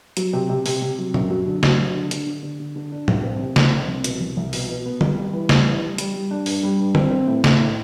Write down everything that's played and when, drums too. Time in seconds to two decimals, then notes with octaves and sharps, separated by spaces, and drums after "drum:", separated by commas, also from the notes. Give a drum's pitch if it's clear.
0.17 F#3, drum: hi-hat
0.33 C3
0.50 C3
0.66 C3, drum: open hi-hat
0.82 C3
0.98 F#3
1.14 F#2, drum: tom
1.30 F#3
1.46 D3
1.63 F#3, drum: snare
1.79 F#3
1.94 D3
2.11 D3, drum: hi-hat
2.26 D3
2.43 D3
2.60 D3
2.76 D3
2.92 D4
3.08 C2, drum: tom
3.24 C4
3.40 C3
3.56 C2, drum: snare
3.72 C4
3.88 C2
4.04 B2, drum: hi-hat
4.20 C2
4.37 C2
4.53 B2, drum: open hi-hat
4.69 B2
4.86 B3
5.01 G3, drum: tom D3
5.17 G3
5.33 E3
5.49 G3, drum: snare
5.66 E3
5.82 G3
5.98 G3, drum: hi-hat
6.14 G3
6.31 D4
6.46 G2, drum: open hi-hat
6.63 G3
6.80 G2
6.95 C4, drum: tom D3
7.11 C4
7.27 A2
7.44 A2, drum: snare
7.60 A2